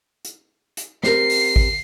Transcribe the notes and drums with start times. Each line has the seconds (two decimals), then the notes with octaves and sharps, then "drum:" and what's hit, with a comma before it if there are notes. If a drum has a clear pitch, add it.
0.25 drum: hi-hat
0.77 drum: hi-hat
1.03 C4 G4 A#4 C7, drum: snare
1.30 drum: open hi-hat
1.56 drum: kick G#1